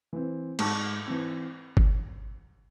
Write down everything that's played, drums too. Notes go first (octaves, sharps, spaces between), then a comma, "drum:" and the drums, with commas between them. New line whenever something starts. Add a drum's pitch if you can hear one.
E3 C4
G#2 A5 C#6, drum: cymbal
E3 C4
drum: kick G1